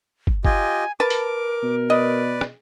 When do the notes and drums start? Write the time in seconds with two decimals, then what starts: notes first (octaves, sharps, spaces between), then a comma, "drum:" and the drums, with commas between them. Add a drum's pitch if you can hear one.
0.27 drum: kick
0.45 F4 G4 D#5 G#5, drum: kick
1.00 A#4 B4 A5 D6
1.10 drum: hi-hat
1.63 B2
1.90 B4 D5 D#5
2.41 drum: rim click